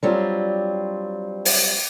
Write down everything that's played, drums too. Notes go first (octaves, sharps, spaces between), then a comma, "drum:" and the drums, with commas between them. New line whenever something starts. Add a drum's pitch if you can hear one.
F#3 G3 C4 D4 F4
drum: open hi-hat